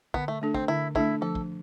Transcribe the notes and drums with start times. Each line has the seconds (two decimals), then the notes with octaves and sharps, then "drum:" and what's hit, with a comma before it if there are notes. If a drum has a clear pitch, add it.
0.14 D3 B3, drum: kick
0.28 A3
0.42 A3 D4 A4
0.54 C4, drum: kick
0.68 D3 E4
0.95 A3 D4 E4 A4, drum: kick
1.21 F3 A4
1.35 drum: kick